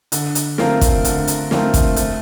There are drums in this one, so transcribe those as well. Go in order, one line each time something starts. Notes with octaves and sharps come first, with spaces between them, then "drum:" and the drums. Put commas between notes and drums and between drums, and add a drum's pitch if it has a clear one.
D3, drum: hi-hat
drum: hi-hat
A3 C4 F4 A#4, drum: snare
drum: kick, hi-hat
D3, drum: hi-hat
drum: hi-hat
A3 C4 F4 A#4, drum: snare
drum: kick, hi-hat
A3, drum: hi-hat